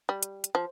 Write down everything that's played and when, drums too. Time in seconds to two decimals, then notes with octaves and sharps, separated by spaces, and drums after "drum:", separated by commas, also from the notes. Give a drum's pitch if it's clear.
0.09 G3
0.23 drum: hi-hat
0.44 drum: hi-hat
0.55 F3